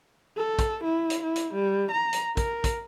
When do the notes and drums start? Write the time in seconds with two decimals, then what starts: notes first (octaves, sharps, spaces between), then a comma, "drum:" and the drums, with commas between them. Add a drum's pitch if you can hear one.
0.37 A4
0.59 drum: kick, hi-hat
0.84 E4
1.10 drum: hi-hat
1.23 E4
1.36 drum: hi-hat
1.54 G3
1.91 A#5
2.13 drum: hi-hat
2.37 A#4, drum: kick, hi-hat
2.64 drum: kick, hi-hat